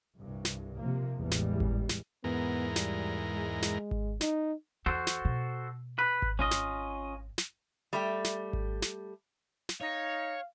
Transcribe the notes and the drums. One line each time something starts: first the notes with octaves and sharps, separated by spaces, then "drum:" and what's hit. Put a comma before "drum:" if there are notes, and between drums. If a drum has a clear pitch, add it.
C2 G2
drum: snare
C3 F3 A#3
A1 E2 E3 G3 G#3
drum: snare
drum: kick G#1
drum: snare
E2 G#2 B3 A#4
G3, drum: snare
G#3
drum: snare
drum: kick G#1
D#4, drum: snare
E2 F#4 A4 C5
drum: snare
B2
B4
drum: kick G#1
G#1 C#4 F4 D#5
drum: snare
drum: snare
G3 A3 G4
drum: snare
drum: kick G#1
drum: snare
drum: snare
D#4 C#5 F5